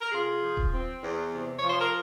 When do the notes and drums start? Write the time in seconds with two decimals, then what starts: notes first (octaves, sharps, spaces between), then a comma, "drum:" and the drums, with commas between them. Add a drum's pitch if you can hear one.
0.02 A#4
0.12 C3 F4 G#4
0.41 F3
0.57 drum: kick D#1
0.72 C4
1.03 E2
1.33 C3
1.59 F3 C#5
1.70 C5
1.81 A#4